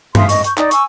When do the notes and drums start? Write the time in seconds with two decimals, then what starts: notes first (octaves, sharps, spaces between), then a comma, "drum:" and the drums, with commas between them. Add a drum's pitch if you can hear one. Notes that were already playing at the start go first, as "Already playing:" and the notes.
0.15 E5 F5 C6 D#6, drum: tom G2
0.29 D#5 C#6, drum: hi-hat
0.44 C#6 G6, drum: hi-hat
0.58 D#4 D5, drum: clap
0.71 G#5 C#6 E6, drum: hi-hat